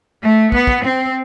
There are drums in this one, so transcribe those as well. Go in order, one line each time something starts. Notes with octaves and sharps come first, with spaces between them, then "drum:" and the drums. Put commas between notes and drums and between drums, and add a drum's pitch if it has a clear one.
A3
B3, drum: kick
drum: kick
C4